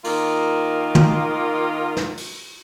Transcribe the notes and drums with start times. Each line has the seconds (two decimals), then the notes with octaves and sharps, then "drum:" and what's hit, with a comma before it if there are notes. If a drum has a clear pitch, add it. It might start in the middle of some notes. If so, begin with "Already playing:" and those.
0.04 D#3 A#3 F4, drum: open hi-hat
0.95 drum: tom
1.97 drum: snare
2.17 drum: open hi-hat